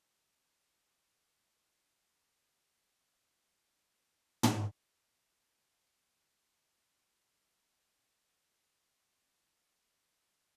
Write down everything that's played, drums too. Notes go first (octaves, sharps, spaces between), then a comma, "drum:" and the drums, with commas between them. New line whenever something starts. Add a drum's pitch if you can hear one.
F4
F#4
F4
D4
A3
B3
C#4
drum: tom
B3
A3
G#3
F#3
G#3
A3
G#3
A3
B3
D4
C#4